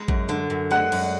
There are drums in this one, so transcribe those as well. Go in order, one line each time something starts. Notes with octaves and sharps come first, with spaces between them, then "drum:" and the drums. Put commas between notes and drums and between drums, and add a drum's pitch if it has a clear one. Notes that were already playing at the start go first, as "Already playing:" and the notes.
Already playing: G#3
F#2, drum: kick A1
D3
F#2
G#3 F#5
F#2, drum: cymbal